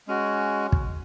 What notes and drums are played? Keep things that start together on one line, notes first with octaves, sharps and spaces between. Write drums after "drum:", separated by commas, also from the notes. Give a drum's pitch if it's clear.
G#3 C#4 F#4
drum: kick